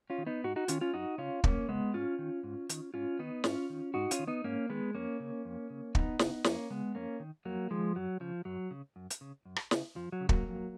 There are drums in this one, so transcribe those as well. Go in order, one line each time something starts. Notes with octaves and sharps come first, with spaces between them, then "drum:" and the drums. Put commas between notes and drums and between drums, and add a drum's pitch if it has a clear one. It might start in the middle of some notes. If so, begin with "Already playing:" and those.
C#4 F4
D#3
B3 D#4
G#2 D#4 F#4
D#4 F#4
D#3 C#4 F4, drum: hi-hat
C#4 F4
F#2 D#4 F#4
C#3 C#4 F4
F#2 A#3 C#4, drum: kick
C#3 G#3 B3
G#2 C#4 F4
D#3
G#2
D#3, drum: hi-hat
G#2 C#4 F4
D#3 B3 D#4
G#2 C#4 F4, drum: snare
D#3
G#2 D#4 F#4
C#4 F4, drum: hi-hat
D#3
B3 D#4
G#2 A#3 C#4
D#3 G#3 B3
F2 A#3 C#4
C#3
F2
C#3
F2 B3 D#4, drum: kick
C#3, drum: snare
F2 A#3 C#4, drum: snare
C#3 G#3 B3
F2 A#3 C#4
D#3
F2 F#3 A#3
D#3 F3 G#3
F#2 F#3
C#3 F3
F#2 F#3
C#3
F#2
drum: hi-hat
C#3
F#2
drum: rim click
C#3, drum: snare
F2 F3
F#3
C#3
F#3 A#3, drum: kick
F2